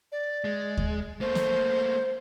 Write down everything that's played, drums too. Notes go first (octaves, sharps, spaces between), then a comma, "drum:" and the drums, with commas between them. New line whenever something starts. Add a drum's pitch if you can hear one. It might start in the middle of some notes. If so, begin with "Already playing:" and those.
D5
G#3
drum: kick D2
A3 A#3 C5
drum: snare